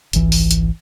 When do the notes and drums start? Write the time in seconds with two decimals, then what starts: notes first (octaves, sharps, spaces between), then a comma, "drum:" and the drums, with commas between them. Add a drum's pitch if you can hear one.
0.13 G#1 C#2 E3, drum: hi-hat
0.32 drum: open hi-hat
0.51 drum: hi-hat